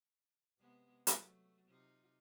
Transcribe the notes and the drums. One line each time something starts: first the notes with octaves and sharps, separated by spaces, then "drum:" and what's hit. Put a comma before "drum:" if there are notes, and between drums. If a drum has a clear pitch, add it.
C3 G#3 B3
F#3 A3, drum: hi-hat
C3 D#4 F4